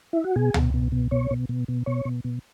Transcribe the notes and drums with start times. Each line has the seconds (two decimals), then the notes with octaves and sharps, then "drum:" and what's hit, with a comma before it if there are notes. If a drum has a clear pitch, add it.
0.13 E4
0.24 F#4
0.36 B2 G#4
0.54 B2, drum: tom C#2
0.74 B2
0.92 B2
1.11 B2 C#5
1.31 B2
1.49 B2
1.68 B2
1.86 B2 C#5
2.05 B2
2.24 B2